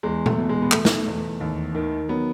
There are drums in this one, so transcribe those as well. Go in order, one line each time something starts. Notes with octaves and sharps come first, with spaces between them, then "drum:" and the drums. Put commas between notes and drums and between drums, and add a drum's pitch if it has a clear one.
E2 G#3
A3, drum: tom A#2
B2
G#3
B3
B2 A3, drum: clap
drum: snare
E2
D#2
D#3
F#3 B3